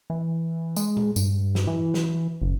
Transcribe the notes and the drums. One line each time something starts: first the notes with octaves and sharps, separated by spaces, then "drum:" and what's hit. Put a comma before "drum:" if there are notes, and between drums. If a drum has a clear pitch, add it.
E3
G#3, drum: tambourine
drum: tom A#2
G2, drum: tambourine
drum: snare
E3
drum: snare
F#1